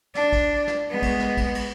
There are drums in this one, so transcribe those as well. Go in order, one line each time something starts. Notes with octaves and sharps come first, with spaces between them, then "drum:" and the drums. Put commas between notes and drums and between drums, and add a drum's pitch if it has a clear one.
D4, drum: snare
drum: kick A1, cymbal
drum: snare
G#3 B3
drum: kick A1, cymbal
drum: snare
drum: kick A1, cymbal
drum: cymbal